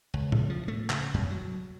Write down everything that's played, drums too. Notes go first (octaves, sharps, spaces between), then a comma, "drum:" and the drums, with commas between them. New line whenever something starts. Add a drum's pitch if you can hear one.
C#2
drum: tom A2
F3
A3
C#3, drum: clap
F#2
F#3